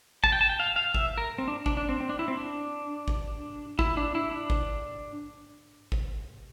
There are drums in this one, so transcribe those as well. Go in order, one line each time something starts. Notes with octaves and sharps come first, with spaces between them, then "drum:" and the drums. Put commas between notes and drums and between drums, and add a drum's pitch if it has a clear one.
A5, drum: kick G#1
G5
A5
G5
F5
F5
E5, drum: kick G#1
A#4
C4
D4
D4, drum: kick G#1
D4
C4
C4
D4
E4
C4
D4
drum: kick G#1
E4, drum: kick G#1
D4
E4
D4
drum: kick G#1
drum: kick G#1